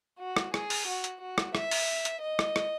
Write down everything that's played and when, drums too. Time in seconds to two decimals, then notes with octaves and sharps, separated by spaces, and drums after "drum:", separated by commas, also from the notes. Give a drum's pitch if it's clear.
0.20 F#4
0.36 drum: rim click
0.54 G#4, drum: rim click
0.70 drum: open hi-hat
0.87 F#4
1.04 drum: hi-hat
1.21 F#4
1.38 drum: rim click
1.55 E5, drum: rim click
1.71 drum: open hi-hat
2.05 drum: hi-hat
2.22 D#5
2.39 drum: rim click
2.56 drum: rim click